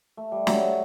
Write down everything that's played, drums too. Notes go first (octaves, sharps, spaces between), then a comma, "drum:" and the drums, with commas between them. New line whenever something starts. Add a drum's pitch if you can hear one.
A3
G3
F#3, drum: snare